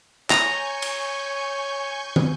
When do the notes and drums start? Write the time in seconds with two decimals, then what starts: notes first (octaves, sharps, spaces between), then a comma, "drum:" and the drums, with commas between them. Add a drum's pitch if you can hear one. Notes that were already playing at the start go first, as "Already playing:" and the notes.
0.30 C#5 G#5 A#5 C#6 G6, drum: clap
0.82 drum: cymbal
2.16 drum: tom